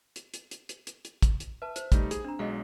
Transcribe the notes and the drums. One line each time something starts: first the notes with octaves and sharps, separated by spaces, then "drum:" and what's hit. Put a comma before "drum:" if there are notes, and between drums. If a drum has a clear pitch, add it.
drum: hi-hat
drum: hi-hat
drum: hi-hat
drum: hi-hat
drum: hi-hat
drum: hi-hat
drum: kick, hi-hat
drum: hi-hat
B4 E5 A5
C5, drum: hi-hat
G3 A3 D#4, drum: kick, hi-hat
G#4, drum: hi-hat
C4 D4 A#5
B1 F#3 G#3 D#5 F5